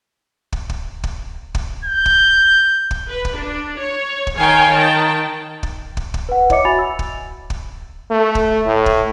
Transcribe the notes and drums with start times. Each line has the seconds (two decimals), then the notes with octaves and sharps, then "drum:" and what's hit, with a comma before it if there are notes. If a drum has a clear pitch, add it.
0.52 drum: kick
0.70 drum: kick
1.04 drum: kick
1.55 drum: kick
1.84 G6
2.06 drum: kick
2.91 drum: kick
3.08 B4
3.25 drum: kick
3.37 D4
3.80 C#5
4.27 drum: kick
4.38 D#3 C#5 F5 G5 G#5 C6
4.72 D#3 G5 A5
5.63 drum: kick
5.97 drum: kick
6.14 drum: kick
6.29 B4 F#5
6.50 E4 C#5 D#5 E5 D6 C#7, drum: kick
6.65 F#4 G#5 B5 A6 F7
6.79 E6
6.99 drum: kick
7.50 drum: kick
8.11 A3
8.35 drum: kick
8.66 A2
8.86 drum: kick